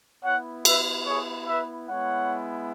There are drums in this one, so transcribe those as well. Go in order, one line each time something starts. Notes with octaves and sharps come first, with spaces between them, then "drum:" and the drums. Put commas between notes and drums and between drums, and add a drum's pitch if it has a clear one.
B3 E4 C#5 F#5
B4 E5, drum: cymbal
G#4 C#5
B4 E5
G#3 B3 E4 C#5 F#5